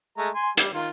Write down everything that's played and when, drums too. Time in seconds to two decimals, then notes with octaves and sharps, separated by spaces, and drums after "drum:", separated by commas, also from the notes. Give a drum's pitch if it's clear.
0.18 G#3 A3 A#5
0.35 G#5 C6
0.57 G3, drum: hi-hat
0.73 D#3 F4